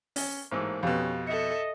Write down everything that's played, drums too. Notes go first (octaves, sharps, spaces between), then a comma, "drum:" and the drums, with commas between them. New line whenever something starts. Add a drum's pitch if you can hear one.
C#4, drum: open hi-hat
A1 G#2 A#3 C5 E6
F2 B2 C#4 G4 F5
A4 D#5 E5 C#7